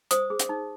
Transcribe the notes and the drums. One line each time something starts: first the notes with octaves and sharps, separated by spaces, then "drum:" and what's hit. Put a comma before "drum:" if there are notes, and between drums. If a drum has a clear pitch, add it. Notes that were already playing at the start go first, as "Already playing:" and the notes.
C5 D#6, drum: hi-hat
G#4
drum: hi-hat
D#4